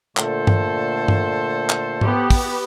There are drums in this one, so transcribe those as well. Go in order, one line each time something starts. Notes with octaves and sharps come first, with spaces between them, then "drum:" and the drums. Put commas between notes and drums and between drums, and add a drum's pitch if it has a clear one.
A#2 D3 A3 A4 C5 C6, drum: clap
drum: tom G2
drum: tom G2
drum: clap
B3 G4, drum: tom G#2
drum: kick, open hi-hat